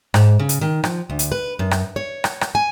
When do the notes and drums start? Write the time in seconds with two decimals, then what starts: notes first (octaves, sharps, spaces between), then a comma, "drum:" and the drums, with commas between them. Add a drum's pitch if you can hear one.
0.14 G#2, drum: rim click
0.39 C#3
0.49 drum: hi-hat
0.61 D#3
0.84 F3, drum: rim click
1.10 D2
1.19 drum: hi-hat
1.32 B4
1.59 F#2
1.71 drum: rim click
1.96 C#5
2.24 drum: rim click
2.41 drum: rim click
2.55 G#5